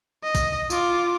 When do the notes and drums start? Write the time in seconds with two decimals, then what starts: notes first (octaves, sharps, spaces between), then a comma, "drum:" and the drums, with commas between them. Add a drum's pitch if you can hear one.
0.24 D#5
0.35 drum: kick, tambourine
0.70 F4 D6, drum: tambourine